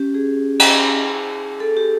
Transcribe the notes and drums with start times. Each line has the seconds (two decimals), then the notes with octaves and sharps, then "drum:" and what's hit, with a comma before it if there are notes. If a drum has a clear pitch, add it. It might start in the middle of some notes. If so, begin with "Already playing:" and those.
Already playing: C#4 G4
0.14 G#4
0.59 drum: cymbal
1.60 A4
1.77 G4